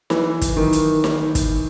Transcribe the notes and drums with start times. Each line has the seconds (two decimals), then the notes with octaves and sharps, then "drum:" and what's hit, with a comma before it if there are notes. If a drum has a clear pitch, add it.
0.10 E3, drum: snare D#4
0.41 drum: kick, hi-hat
0.57 D#3
0.73 drum: hi-hat
1.04 drum: snare D#4
1.35 drum: kick, hi-hat